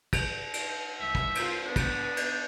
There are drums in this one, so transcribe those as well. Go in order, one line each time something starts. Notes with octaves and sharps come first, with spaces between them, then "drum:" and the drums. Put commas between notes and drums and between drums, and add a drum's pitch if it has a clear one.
drum: kick, cymbal
drum: cymbal
C2 E5
drum: kick
F4 A#4 C5, drum: cymbal
B3 D4
drum: kick, cymbal
drum: cymbal